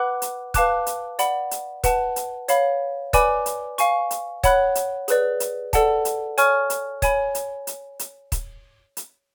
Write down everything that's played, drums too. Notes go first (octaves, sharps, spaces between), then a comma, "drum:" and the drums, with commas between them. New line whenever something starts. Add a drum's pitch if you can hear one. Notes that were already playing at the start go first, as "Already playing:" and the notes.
Already playing: B4 F#5 B5 D6 F#6
drum: hi-hat
B4 F5 A5 D6 F#6, drum: kick, hi-hat
drum: hi-hat
D5 F#5 B5, drum: hi-hat
drum: hi-hat
B4 F#5 A5, drum: kick, hi-hat
drum: hi-hat
C#5 F5 B5, drum: hi-hat
B4 D5 G#5 B5 D6, drum: kick, hi-hat
drum: hi-hat
F5 G#5 C#6, drum: hi-hat
drum: hi-hat
C#5 F#5 B5 F#6, drum: kick, hi-hat
drum: hi-hat
G#4 B4 D5, drum: hi-hat
drum: hi-hat
A4 D5 F#5 A5, drum: kick, hi-hat
drum: hi-hat
C#5 G#5 C#6 F6, drum: hi-hat
drum: hi-hat
C#5 G#5 B5, drum: kick, hi-hat
drum: hi-hat
drum: hi-hat
drum: hi-hat
drum: kick, hi-hat
drum: hi-hat